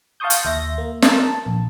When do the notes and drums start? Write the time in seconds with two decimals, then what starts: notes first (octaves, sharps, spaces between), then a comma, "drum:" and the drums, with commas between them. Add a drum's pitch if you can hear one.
0.20 F5 A5 C6 C#6 D#6 G6
0.30 drum: hi-hat
0.45 D#2 E5 C6 A#6
0.78 A#3
1.02 A#4 A5, drum: snare
1.46 A#1